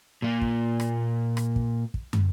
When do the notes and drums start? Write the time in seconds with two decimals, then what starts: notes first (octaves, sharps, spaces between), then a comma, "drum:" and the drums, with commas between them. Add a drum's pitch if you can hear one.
0.22 A#2 A#3
0.41 drum: kick
0.80 drum: rim click
1.37 drum: rim click
1.56 drum: kick
1.94 drum: kick
2.13 drum: tom